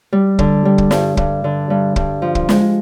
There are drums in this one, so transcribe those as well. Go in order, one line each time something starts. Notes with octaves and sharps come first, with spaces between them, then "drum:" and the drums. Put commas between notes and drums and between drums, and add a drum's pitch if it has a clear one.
G3
D3, drum: kick
G3
drum: kick
G2, drum: snare
G2, drum: kick
D3
G2
G2, drum: kick
F3
drum: kick
G#3, drum: snare